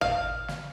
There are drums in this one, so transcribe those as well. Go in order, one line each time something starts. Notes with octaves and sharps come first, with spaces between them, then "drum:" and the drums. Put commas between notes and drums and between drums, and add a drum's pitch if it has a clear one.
F5, drum: tom
drum: snare